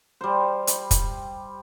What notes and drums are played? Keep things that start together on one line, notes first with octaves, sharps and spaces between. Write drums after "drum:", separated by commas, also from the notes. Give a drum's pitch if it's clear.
G3 C5
drum: hi-hat
drum: kick, hi-hat